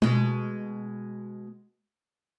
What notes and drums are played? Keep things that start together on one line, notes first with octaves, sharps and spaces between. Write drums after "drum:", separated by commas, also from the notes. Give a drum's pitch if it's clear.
B2 G#3, drum: tom